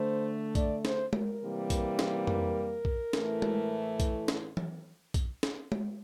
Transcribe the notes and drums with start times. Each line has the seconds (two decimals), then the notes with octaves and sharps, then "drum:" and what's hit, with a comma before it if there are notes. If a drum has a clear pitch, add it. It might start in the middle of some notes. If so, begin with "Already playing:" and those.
Already playing: D3 A3 C5
0.55 D5, drum: kick B1, hi-hat
0.85 C5, drum: snare
1.13 A#4, drum: tom G#3
1.41 C3 E3 G3 A#3
1.70 drum: kick B1, hi-hat
1.99 drum: snare
2.27 A#4, drum: tom F2
2.85 drum: kick B1
3.13 A2 E3 A3, drum: snare
3.42 drum: tom G#3
4.00 drum: kick B1, hi-hat
4.28 drum: snare
4.57 drum: tom E3
5.14 drum: kick B1, hi-hat
5.43 drum: snare
5.72 drum: tom G#3